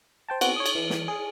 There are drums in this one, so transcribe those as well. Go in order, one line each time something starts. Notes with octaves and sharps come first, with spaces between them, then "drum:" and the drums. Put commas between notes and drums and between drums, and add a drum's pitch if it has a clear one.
C5 G5 A5
B3 C4 F#4, drum: cymbal
C#5 D#6
drum: cymbal
E3
drum: snare
G#4